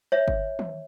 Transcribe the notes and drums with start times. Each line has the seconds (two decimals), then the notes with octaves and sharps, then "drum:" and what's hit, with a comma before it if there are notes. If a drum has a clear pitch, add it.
0.12 C#5 E5
0.28 drum: kick G1
0.59 drum: tom